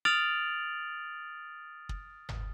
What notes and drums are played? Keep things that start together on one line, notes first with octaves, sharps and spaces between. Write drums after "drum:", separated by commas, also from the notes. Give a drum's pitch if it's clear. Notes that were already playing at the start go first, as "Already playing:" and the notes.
D#6 F6 A6 D7 F7 F#7
drum: kick
drum: tom G1